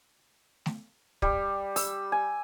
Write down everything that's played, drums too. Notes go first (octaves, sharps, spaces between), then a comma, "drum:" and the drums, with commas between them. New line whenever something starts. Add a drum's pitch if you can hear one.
drum: snare
G3, drum: kick
E6, drum: open hi-hat
G#5